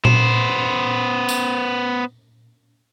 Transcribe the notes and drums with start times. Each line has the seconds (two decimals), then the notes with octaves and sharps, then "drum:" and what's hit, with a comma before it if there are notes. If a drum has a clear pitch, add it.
0.05 B3 C5, drum: tom A#2
1.29 drum: tambourine